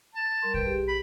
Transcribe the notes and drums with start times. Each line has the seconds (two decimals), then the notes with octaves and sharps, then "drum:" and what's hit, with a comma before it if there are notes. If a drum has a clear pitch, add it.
0.15 A5
0.42 G3 A#4 C6
0.54 B4 G5, drum: kick
0.66 G4 G#4
0.88 B5